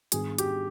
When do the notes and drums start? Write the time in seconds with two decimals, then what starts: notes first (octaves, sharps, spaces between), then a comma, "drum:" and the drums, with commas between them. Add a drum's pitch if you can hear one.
0.12 G#2 D#3 G3 B3 D4 G#4, drum: hi-hat
0.38 G4, drum: hi-hat